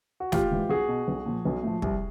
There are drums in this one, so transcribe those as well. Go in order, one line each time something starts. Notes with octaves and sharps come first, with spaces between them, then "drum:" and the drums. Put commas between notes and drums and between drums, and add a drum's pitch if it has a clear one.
F#4
A1 F4 G4, drum: snare
G#2 E3
B1 F#4 G#4
B2
B1
A#2 F3
B1
A2 F3
C2, drum: kick